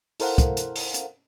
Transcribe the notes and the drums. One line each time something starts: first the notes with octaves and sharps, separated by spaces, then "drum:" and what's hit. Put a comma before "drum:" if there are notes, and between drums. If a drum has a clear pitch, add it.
E4 A4 A#4 C5 F5 F#5, drum: open hi-hat
drum: kick, hi-hat
drum: hi-hat
drum: open hi-hat
drum: hi-hat